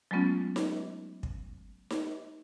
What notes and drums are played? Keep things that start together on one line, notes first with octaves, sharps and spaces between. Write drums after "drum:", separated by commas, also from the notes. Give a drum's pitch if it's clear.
F#3 G#3 A3 B3 C#4 F4
drum: snare D#4
drum: kick
drum: snare D#4